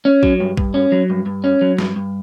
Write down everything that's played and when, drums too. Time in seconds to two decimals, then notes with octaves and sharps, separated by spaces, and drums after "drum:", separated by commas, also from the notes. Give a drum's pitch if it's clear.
0.05 C#4
0.23 F#3, drum: kick A#1
0.40 G2
0.57 G2, drum: kick A#1
0.74 C#4
0.92 F#3
1.10 G2
1.26 G2
1.44 C#4
1.61 F#3
1.79 G2, drum: snare
1.96 G2